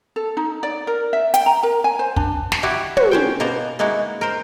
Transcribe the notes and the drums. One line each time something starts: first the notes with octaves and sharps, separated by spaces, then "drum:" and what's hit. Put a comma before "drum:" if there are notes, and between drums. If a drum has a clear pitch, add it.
A4
D#4
D5
A#4
E5
G5, drum: hi-hat
A#5
A#4
G#5
C5
D4, drum: kick
drum: snare
E4 F#4 G4
F#4, drum: tom
C#4 C5 G5
B2 A#3 B3 C5 A#5
G#3 A#3 D#4 E4 F#4
A#4 C5